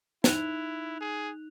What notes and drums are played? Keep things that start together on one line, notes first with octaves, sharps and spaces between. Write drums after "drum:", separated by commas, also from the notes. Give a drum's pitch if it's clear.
D#4 E4 F#6 F7, drum: snare
G#4